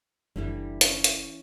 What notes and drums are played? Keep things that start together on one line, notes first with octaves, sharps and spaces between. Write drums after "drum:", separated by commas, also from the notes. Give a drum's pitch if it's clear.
F#1 D3 E3 G3
C#4, drum: hi-hat
drum: hi-hat